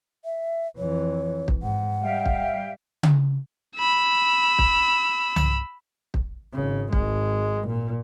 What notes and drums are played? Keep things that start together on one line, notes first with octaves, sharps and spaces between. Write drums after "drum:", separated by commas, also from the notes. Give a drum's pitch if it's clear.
E5
F2 E3 C#5
drum: kick
G#2 F#5
G3 E5 F5 G5
drum: kick
drum: tom C#3
B5 E6
drum: kick
drum: tom C2
drum: kick
G#1 C#3
G#1 G#3, drum: kick
A#2